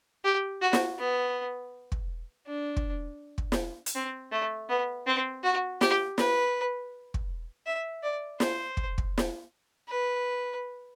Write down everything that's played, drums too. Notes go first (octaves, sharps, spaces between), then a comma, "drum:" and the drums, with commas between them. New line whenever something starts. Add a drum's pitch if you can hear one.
G4
F#4
drum: snare
B3
drum: kick
D4
drum: kick
drum: kick
drum: snare
drum: hi-hat
C4
A3
B3
C4
F#4
G4, drum: snare
B4, drum: snare
drum: kick
E5
D5
C5, drum: snare
drum: kick
drum: kick
drum: snare
B4